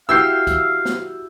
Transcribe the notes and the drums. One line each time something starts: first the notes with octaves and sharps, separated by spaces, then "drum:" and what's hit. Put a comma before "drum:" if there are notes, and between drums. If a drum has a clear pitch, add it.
E4 F#4 G4 F5 E6 G6 C7
drum: kick C2, hi-hat
drum: snare